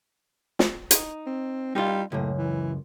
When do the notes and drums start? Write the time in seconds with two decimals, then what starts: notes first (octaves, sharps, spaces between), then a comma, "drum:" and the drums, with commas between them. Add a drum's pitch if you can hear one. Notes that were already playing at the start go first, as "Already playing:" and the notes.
0.59 drum: snare
0.91 D#4, drum: hi-hat
1.27 C4
1.75 G3 D#4 F4
2.12 C#2 F#2 A2
2.38 E3